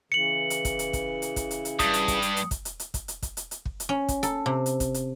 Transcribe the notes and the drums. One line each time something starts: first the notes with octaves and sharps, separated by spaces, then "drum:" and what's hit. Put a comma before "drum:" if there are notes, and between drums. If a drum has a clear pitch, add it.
C#3 E3 C#7 F#7
drum: hi-hat
drum: kick, hi-hat
drum: hi-hat
drum: kick, hi-hat
drum: hi-hat
drum: kick, hi-hat
drum: hi-hat
drum: hi-hat
G2 D#6, drum: kick, hi-hat
drum: hi-hat
drum: kick, hi-hat
drum: hi-hat
drum: hi-hat
drum: kick, hi-hat
drum: hi-hat
drum: hi-hat
drum: kick, hi-hat
drum: hi-hat
drum: kick, hi-hat
drum: hi-hat
drum: hi-hat
drum: kick
drum: hi-hat
C#4
drum: kick, hi-hat
A4, drum: hi-hat
C3
drum: hi-hat
drum: kick, hi-hat
drum: hi-hat